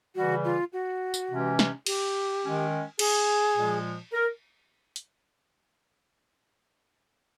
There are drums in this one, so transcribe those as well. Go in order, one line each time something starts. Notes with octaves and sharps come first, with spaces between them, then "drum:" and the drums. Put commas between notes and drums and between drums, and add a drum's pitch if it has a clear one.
C#3 E3 G3 F#4
F4
F#4
drum: tambourine
C3 E3 G#3 C#4
drum: snare
G4, drum: cymbal
D#3 G#3 C#4
G#4, drum: cymbal
A#2 F3 G#3
A#4
drum: hi-hat